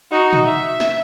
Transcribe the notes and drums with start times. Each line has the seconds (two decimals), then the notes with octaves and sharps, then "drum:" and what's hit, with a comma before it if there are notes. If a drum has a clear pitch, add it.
0.11 D#4 F#4
0.33 drum: tom A#2
0.46 E5
0.80 drum: snare